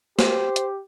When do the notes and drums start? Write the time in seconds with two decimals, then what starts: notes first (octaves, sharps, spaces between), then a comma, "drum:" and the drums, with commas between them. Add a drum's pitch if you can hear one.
0.19 G4 C5, drum: snare
0.56 drum: hi-hat